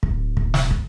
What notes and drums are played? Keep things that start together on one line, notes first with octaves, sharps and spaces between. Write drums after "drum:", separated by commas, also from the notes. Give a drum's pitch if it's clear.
D1, drum: kick
drum: kick
drum: snare
drum: kick